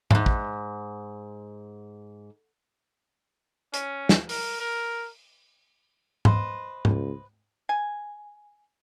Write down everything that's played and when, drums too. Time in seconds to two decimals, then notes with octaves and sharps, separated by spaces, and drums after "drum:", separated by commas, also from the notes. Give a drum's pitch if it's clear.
0.11 E2 G#2, drum: tom G#2
0.26 drum: kick
3.74 C#4, drum: hi-hat
4.09 drum: snare
4.29 A#4, drum: open hi-hat
4.60 A#4
6.25 B4 C5 D#5, drum: tom G#2
6.85 C#2, drum: tom G#2
7.69 G#5